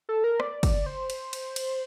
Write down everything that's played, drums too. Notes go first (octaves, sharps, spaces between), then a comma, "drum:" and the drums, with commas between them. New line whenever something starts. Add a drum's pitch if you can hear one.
A4
A#4
D5, drum: rim click
drum: kick, cymbal
C5
drum: cymbal
drum: cymbal
drum: cymbal